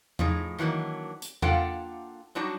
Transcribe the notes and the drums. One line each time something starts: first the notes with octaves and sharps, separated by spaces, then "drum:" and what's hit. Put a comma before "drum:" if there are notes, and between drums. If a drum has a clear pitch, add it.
A2 F3 D#4 G#4, drum: tom E2
D#3 E3 F#3 A#3 D4
drum: hi-hat
A#3 D4 F4 A4 F#5 G5, drum: tom E2
F#3 G3 D4 D#4 F#4